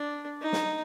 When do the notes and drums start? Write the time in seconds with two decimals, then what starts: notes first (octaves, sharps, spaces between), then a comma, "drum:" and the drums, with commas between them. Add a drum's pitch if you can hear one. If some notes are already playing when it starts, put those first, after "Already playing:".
Already playing: D4
0.42 D#4
0.53 drum: snare